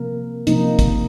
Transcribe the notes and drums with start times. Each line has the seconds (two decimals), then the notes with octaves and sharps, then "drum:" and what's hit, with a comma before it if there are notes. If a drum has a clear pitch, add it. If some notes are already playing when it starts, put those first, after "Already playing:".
Already playing: C3 F3 A#3 A#4
0.47 C3 F3 A#3 D#4, drum: hi-hat
0.79 drum: kick, hi-hat